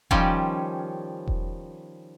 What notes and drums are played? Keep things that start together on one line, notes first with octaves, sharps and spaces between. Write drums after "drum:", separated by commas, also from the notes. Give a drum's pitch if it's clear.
D#3 F3 G3 C#4, drum: kick E1
drum: kick E1